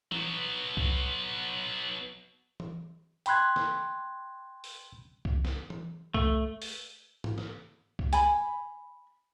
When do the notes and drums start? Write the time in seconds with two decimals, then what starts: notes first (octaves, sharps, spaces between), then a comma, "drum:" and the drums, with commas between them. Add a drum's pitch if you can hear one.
0.12 F#3 B3, drum: tom
0.77 drum: kick C2
2.60 drum: tom
3.26 G5 B5 C6 F#6 G#6, drum: hi-hat
3.56 drum: snare
4.64 drum: open hi-hat
5.25 drum: kick C2
5.45 drum: snare
5.70 drum: tom
6.14 A3, drum: kick C2
6.62 drum: open hi-hat
7.24 drum: tom
7.38 drum: snare
7.99 drum: kick C2
8.13 G#5 B5, drum: hi-hat